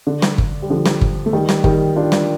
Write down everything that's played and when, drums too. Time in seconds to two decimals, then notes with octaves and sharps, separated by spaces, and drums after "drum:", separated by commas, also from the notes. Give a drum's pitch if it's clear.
0.07 D3
0.22 drum: snare
0.38 drum: kick G1
0.62 G3
0.70 D3 F3
0.86 drum: snare
1.01 drum: kick G1
1.26 A3
1.33 D#3 G3
1.49 drum: snare
1.64 D#3 G3, drum: kick G1
1.96 D4 F4
2.12 drum: snare